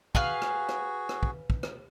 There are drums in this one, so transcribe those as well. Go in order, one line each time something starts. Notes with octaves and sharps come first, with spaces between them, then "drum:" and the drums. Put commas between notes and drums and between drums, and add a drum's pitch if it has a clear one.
F#4 G#4 B4 F5 G#5, drum: kick
drum: rim click
drum: rim click
drum: rim click
drum: kick
drum: kick
drum: rim click